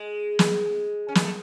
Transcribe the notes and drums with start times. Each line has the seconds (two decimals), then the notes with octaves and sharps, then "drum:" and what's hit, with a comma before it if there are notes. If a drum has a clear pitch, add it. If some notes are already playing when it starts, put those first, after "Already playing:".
Already playing: G#3
0.39 drum: snare
1.08 C#4
1.15 B3, drum: snare
1.22 A3